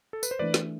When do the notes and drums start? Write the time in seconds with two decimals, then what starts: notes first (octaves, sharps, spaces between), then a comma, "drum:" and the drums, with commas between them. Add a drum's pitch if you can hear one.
0.13 A4
0.23 B4, drum: tambourine
0.31 C5
0.39 E3 A3 D4 B4 D5
0.54 drum: snare